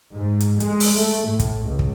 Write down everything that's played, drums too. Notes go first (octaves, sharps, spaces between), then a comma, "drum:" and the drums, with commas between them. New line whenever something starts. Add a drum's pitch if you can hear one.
G#2
drum: hi-hat
G#3, drum: hi-hat
drum: open hi-hat
A3
A2
drum: kick, hi-hat
C#2
drum: kick